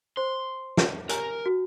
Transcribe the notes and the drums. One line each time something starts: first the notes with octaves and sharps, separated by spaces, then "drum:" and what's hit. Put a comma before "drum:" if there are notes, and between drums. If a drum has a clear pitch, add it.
C5 C6
drum: snare
G4 A#4 G#5 A#5, drum: hi-hat
F#4